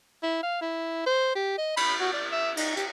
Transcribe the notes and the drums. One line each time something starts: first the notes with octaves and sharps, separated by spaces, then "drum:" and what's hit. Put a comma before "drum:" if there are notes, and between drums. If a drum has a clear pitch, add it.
E4
F5
E4
C5
G4
D#5
B5, drum: cymbal
F#4
D5
E5
D#4, drum: cymbal
G4, drum: hi-hat